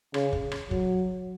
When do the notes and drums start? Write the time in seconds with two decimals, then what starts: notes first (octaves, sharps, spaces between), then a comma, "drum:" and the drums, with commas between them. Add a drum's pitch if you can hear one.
0.14 C#3, drum: rim click
0.32 drum: kick
0.52 drum: rim click
0.71 F#3, drum: kick